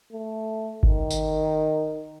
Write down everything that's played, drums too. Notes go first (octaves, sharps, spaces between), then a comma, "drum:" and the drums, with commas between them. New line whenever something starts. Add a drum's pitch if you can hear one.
A3
D#3, drum: kick G1
drum: tambourine